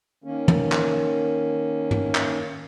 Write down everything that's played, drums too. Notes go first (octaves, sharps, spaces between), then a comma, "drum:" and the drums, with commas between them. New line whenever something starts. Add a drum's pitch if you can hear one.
D#3 A#3 C#4
drum: tom
drum: clap
drum: tom
drum: clap